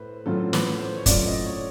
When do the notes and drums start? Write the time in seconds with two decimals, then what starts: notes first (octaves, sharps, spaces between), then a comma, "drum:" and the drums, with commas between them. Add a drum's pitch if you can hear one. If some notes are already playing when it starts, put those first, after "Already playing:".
Already playing: A2 A3 B4 C5
0.26 A2 F#3 A3 C#4 F4 A4
0.53 B4, drum: snare
0.79 C5
0.97 C#5
1.06 A2 F#3 A3 C#4 F4 D5, drum: kick, hi-hat
1.26 D#5
1.46 C#5